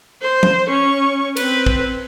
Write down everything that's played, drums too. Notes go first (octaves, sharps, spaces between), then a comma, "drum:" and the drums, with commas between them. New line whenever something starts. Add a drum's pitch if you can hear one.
C5
drum: tom
C#4 C#6
C4 B4, drum: cymbal
drum: kick